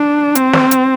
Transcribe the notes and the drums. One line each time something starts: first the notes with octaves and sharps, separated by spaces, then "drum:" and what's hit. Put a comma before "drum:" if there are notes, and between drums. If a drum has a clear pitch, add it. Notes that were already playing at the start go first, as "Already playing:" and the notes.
Already playing: D4
C4, drum: hi-hat
drum: snare
drum: hi-hat